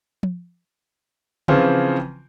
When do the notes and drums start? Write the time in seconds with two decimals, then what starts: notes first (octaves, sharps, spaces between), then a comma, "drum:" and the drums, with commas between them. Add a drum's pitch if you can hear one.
0.23 drum: tom F3
1.48 C#3 E3 F3 C4 F4, drum: tom C#3